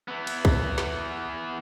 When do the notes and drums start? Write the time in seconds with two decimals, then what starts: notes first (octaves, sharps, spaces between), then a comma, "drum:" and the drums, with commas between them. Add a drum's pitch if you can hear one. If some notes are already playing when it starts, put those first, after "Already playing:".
0.08 E3 B3
0.27 drum: cymbal
0.45 drum: kick
0.78 drum: snare